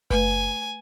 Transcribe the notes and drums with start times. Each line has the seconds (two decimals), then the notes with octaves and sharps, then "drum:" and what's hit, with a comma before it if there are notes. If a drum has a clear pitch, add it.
0.10 A3 B4 G#5, drum: kick F#1